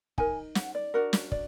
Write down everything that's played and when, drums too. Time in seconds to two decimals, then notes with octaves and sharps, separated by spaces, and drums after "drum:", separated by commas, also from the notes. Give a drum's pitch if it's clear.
0.18 D#4 A#4 G#5, drum: kick
0.55 F#5, drum: snare
0.75 D5
0.94 D4 F#4 A#4
1.13 drum: snare
1.32 D5, drum: kick